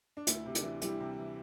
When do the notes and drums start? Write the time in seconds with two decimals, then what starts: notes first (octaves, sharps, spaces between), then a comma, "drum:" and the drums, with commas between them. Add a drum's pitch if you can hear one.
0.17 D4
0.27 D2 E4, drum: hi-hat
0.46 C3
0.55 D4, drum: hi-hat
0.63 E3
0.82 G3 E4, drum: hi-hat
1.00 C3
1.19 E3